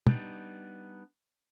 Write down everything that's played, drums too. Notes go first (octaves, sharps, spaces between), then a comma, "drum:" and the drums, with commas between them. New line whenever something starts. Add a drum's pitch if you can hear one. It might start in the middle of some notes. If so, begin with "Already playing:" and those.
G3 B3 D4 D#4, drum: tom